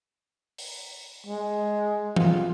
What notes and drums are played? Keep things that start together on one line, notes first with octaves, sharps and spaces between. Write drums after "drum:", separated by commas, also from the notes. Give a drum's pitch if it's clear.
drum: open hi-hat
G#3
F4, drum: tom E3